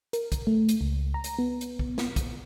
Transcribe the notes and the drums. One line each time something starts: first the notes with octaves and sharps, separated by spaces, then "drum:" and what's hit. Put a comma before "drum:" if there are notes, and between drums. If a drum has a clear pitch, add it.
A#4, drum: hi-hat
drum: kick, hi-hat
A3
drum: hi-hat
C#2
A#5
drum: hi-hat
B3
drum: hi-hat
drum: kick
drum: snare
drum: kick, hi-hat